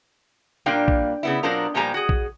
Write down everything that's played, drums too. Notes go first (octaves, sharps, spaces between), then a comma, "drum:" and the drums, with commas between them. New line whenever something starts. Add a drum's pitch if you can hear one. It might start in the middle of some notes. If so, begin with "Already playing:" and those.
A#2 G3 A#3 D4 F5 G5
drum: kick A#1
C#3 B3 E4
B2 F#3 C4 D4 F4 A#4
A#2 F3 G3 G4 G#5 A#5
F#4 G#4
drum: kick A#1